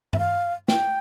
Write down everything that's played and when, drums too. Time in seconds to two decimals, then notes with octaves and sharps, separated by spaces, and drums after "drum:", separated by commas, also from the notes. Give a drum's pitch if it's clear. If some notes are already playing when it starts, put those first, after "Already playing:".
0.13 E5, drum: tom G2
0.19 F5
0.68 G5, drum: snare